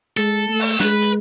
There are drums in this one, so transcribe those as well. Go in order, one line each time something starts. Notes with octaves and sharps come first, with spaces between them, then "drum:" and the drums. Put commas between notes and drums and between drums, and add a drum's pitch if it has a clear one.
G#3 A4, drum: hi-hat
A3
drum: open hi-hat
G#3 B4, drum: snare
drum: hi-hat